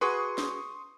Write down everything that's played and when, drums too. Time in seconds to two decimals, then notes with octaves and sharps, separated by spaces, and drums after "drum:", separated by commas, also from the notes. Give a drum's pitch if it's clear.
0.01 F#4 G#4 B4 C6 C#6 D#6
0.38 drum: snare